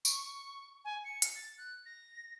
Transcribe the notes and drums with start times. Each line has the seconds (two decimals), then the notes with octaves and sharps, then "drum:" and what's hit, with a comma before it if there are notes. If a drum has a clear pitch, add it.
0.05 C#6, drum: tambourine
0.85 G#5
1.04 C#7
1.22 drum: hi-hat
1.35 A6
1.58 F#6
1.86 A#6